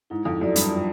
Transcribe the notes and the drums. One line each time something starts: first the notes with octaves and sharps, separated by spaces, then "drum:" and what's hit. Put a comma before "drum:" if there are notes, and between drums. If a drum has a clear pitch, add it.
G#2 E4
F2
F#2 A4 D5
G2, drum: hi-hat
F4